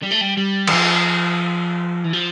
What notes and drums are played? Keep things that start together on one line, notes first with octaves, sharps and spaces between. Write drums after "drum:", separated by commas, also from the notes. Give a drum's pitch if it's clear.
G3
A3
G3
G3
E3, drum: cymbal
F3
E3
F3